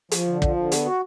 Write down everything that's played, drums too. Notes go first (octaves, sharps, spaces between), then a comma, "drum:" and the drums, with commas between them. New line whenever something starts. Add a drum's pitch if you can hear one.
F3, drum: hi-hat
D3
F3, drum: kick
D3
B3, drum: hi-hat
F#4